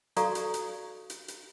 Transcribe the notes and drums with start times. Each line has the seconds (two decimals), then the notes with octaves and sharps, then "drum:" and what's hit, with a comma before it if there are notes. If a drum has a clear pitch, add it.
0.16 F#4 A4 D5 F5 A#5 C#6, drum: hi-hat
0.35 drum: hi-hat
0.54 drum: hi-hat
1.10 drum: hi-hat
1.28 drum: hi-hat